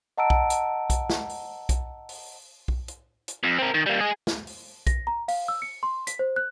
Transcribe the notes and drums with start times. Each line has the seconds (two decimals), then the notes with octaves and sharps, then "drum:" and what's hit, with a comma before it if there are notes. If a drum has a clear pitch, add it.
0.17 D#5 F#5 A5 A#5 E6 D7
0.30 drum: kick B1
0.50 drum: hi-hat
0.90 drum: kick B1, hi-hat
1.10 drum: snare
1.29 drum: open hi-hat
1.69 drum: kick B1, hi-hat
2.09 drum: open hi-hat
2.68 drum: kick B1
2.88 drum: hi-hat
3.28 drum: hi-hat
3.43 F2
3.59 C4 A#4
3.74 D#3
3.86 G3 A#3
4.00 G#4 D#5
4.27 drum: snare
4.47 drum: open hi-hat
4.87 A#6, drum: kick B1, hi-hat
5.07 A#5
5.28 F5, drum: open hi-hat
5.48 E6
5.62 C#7
5.83 C6
6.07 B6, drum: hi-hat
6.19 C5
6.36 F#6